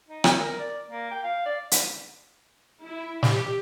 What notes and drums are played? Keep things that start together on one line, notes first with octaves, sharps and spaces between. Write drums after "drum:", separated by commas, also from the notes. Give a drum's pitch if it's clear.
D#4
drum: rim click
A#4
D5
A#3
G5
F5
D5
drum: hi-hat
E4
G4, drum: snare